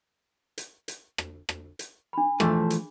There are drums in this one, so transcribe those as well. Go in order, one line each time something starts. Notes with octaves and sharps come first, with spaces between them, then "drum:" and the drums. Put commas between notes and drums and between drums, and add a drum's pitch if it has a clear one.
drum: hi-hat
drum: hi-hat
drum: rim click
drum: rim click
drum: hi-hat
D4 B5
E3 F3 A3 G#4, drum: rim click
drum: hi-hat